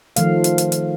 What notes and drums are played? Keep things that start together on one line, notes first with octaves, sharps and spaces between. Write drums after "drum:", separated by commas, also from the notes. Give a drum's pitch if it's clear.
D#3 F3 A3 F5, drum: hi-hat
drum: hi-hat
drum: hi-hat
drum: hi-hat